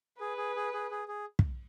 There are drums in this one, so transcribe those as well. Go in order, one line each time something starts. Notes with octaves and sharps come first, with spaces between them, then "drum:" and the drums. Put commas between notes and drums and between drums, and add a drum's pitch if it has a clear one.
G#4 B4
G#4
G#4
G#4
G#4
G#4
drum: kick